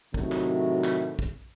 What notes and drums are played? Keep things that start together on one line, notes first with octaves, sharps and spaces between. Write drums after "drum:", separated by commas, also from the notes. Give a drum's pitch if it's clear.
A2 C3 D#3 F#3, drum: kick
drum: clap
drum: clap
drum: kick